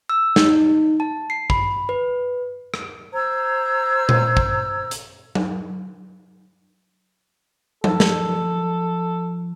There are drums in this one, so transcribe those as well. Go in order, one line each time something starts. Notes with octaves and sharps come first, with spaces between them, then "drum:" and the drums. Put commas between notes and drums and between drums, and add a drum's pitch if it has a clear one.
E6
D#4, drum: snare
A5
C7
B5, drum: kick
B4
drum: rim click
C5 A#5 E6 G#6
drum: tom A#2
drum: kick
drum: hi-hat
drum: tom F#3
F3 A4, drum: tom F#3
drum: snare